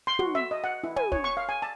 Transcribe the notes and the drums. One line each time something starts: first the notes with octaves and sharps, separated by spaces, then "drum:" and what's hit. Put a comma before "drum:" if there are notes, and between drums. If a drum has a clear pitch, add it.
C6
F#4, drum: tom
E5
D#5
F#5
E4
G#5, drum: tom
C#5, drum: kick
C#6
F5
G#5
A5